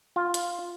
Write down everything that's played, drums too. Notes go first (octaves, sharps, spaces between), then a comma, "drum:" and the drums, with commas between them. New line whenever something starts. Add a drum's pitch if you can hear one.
F4
drum: hi-hat